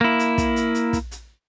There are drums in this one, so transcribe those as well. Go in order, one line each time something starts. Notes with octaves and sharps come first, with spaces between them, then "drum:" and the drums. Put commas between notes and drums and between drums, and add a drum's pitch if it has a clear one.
A#3 E4
drum: hi-hat
drum: kick, hi-hat
drum: hi-hat
drum: hi-hat
drum: kick, hi-hat
drum: hi-hat